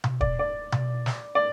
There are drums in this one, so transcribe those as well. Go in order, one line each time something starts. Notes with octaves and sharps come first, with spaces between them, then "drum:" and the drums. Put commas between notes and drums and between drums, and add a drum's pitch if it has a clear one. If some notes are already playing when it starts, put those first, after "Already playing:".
drum: tom B2
D5, drum: kick
D5
drum: tom B2
drum: snare
D5